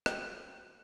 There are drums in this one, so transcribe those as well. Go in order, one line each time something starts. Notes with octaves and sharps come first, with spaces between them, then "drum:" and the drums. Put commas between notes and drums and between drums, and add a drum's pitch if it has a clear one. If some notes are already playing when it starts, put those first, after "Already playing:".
F#4 G5 F#6, drum: rim click